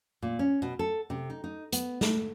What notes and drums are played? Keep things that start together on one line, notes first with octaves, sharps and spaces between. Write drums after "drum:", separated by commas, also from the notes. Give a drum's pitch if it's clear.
A#2
C#4
B2
A4
C3
D#4
D#4
B3, drum: hi-hat
A3, drum: snare